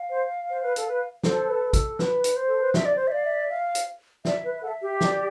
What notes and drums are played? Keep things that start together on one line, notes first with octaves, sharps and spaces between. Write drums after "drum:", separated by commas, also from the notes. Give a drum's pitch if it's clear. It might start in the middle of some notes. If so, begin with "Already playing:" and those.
Already playing: F5
C5
C5
B4
A4, drum: hi-hat
B4
A4 C5, drum: snare
B4
A4, drum: kick, hi-hat
B4, drum: snare
drum: hi-hat
C5
A4
B4
C5 E5, drum: snare
D5
C5
E5
D5 F5
E5
F5
drum: hi-hat
D5 E5, drum: snare
B4
B4
A4 F#5
E5
G4
E5, drum: snare
D5